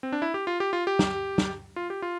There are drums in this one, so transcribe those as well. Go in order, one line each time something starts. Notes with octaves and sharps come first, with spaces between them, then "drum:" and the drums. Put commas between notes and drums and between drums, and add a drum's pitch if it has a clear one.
C4
D4
E4
G4
F4
G4
F4
G4
drum: snare
drum: snare
F4
G4
F4